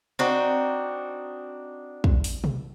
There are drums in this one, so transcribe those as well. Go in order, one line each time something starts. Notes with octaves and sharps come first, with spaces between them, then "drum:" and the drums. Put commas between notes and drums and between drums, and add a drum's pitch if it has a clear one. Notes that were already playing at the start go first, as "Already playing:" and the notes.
C4 D4 D#4 F#4
drum: kick
drum: open hi-hat
drum: tom